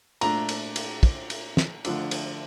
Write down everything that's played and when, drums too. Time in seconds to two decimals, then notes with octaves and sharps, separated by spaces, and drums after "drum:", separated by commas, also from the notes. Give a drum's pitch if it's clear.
0.21 A#2 A3 D4 A#5, drum: cymbal
0.49 drum: cymbal
0.76 drum: cymbal
1.03 drum: kick, cymbal
1.30 drum: cymbal
1.57 drum: snare
1.85 D3 F3 A3 D4, drum: cymbal
2.11 drum: cymbal